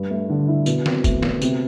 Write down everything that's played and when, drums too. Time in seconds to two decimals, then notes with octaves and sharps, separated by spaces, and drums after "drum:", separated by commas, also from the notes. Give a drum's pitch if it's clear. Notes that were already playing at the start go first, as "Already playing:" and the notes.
Already playing: G2
0.11 A3
0.30 D3
0.48 E4
0.66 B2, drum: tambourine
0.86 C4, drum: snare
1.04 A3, drum: kick, tambourine
1.22 B2, drum: snare
1.42 C3, drum: tambourine